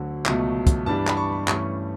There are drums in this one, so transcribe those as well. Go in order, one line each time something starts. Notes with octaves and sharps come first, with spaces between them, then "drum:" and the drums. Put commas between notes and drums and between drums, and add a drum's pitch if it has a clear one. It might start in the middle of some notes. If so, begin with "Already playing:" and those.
Already playing: D2 D3 F#3
C#2 B2 F#3 A3, drum: clap
drum: kick, hi-hat
G2 E3 G3 D4 A5
B5, drum: clap
C#6
G2 E3 A3 C#4 C#6, drum: clap